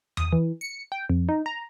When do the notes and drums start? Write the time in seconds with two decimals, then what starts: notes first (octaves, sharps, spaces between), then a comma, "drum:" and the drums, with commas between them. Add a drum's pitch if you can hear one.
0.17 D#6, drum: tom E2
0.32 E3
0.61 C#7
0.92 G5
1.10 F2
1.29 D#4
1.46 A#5